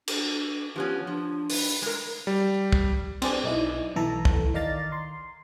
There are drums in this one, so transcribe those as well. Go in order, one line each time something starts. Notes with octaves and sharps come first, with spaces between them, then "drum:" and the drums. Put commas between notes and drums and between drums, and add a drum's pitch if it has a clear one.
D4, drum: cymbal
F3 B3 C#4 G4
F3 D4
B4, drum: open hi-hat
G#3 A#4
G3
drum: kick
C4 D4 G4 G#4 D5, drum: cymbal
B1 D#4 E4 D5
B1 E3 A4 A#5
drum: kick
D#3 D#4 D5 F5 A#5 A6
C6